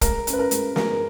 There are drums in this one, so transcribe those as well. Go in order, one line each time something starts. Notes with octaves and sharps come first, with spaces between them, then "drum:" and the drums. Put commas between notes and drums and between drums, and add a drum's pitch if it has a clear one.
G#3 A#4, drum: kick, hi-hat
C#4, drum: hi-hat
B4
A#4
G#3, drum: hi-hat
G#3 A#4, drum: snare